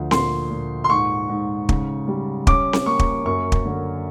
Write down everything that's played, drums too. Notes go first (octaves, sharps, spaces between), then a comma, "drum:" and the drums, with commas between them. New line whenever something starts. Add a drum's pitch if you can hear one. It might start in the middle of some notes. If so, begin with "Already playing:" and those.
Already playing: D2 F3
A#2 C6, drum: snare C4
A#2
C6
G#2 C#6
G#2
C#3, drum: kick
G3
C#4 D6, drum: kick
drum: snare C4
A#3 C#6
drum: kick
F#2 C#6
drum: kick
D3